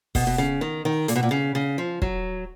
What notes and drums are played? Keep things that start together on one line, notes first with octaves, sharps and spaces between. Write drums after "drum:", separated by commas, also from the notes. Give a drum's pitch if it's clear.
B2, drum: kick, open hi-hat
B2
C#3
D#3
D#3
A#2, drum: hi-hat
B2
A#2
C#3
C#3
F3
F#3, drum: kick